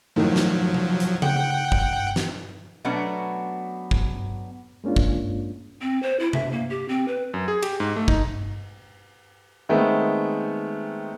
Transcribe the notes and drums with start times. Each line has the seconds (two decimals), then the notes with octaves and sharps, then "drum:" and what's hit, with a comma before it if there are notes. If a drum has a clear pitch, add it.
0.16 A2 D#3 F3 F#3
0.36 drum: snare
0.74 drum: tom C3
1.00 drum: hi-hat
1.22 F#5 G5, drum: tom C#3
1.72 drum: kick
2.16 drum: snare
2.85 B2 F#3 A3 B3 C#4 D4
3.91 drum: kick
4.84 G#3 A#3 C#4 D4 F4
4.96 drum: kick
5.81 C4
6.02 C5
6.19 E4
6.33 E5, drum: tom C3
6.51 A#3
6.70 G4
6.88 C4
7.08 B4
7.34 F#2
7.48 G#4
7.63 G4, drum: cymbal
7.80 G#2
7.96 A3
8.08 D#4, drum: kick
9.69 D#3 G#3 A3 B3 C4